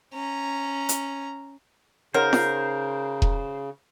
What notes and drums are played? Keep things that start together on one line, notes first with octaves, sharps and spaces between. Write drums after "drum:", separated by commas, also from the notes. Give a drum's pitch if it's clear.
C#4 A#5
drum: hi-hat
C#3 D#4 F#4 A#4 C5 C#5
drum: snare
drum: kick E1